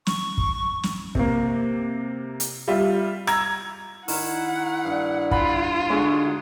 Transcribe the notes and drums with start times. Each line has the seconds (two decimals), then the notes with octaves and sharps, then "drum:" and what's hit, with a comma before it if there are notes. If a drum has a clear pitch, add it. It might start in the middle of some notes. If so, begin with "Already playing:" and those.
0.07 C#6, drum: snare
0.38 drum: kick
0.83 drum: snare
1.15 C3 A#3, drum: kick
2.40 drum: hi-hat
2.68 G3 F4 E5
3.27 A#5 E6 G#6, drum: rim click
4.08 D#3 E4 F#5, drum: open hi-hat
4.85 G2
5.31 F4 F#5 B5, drum: kick
5.90 D3 G#3 D#4 F#4